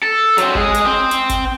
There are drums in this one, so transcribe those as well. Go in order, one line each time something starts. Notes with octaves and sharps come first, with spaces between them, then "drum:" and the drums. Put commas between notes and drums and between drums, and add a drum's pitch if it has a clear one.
A4
F#3 C4, drum: hi-hat
G#3 G#4, drum: kick G1
drum: hi-hat
C4
drum: hi-hat
drum: kick G1, hi-hat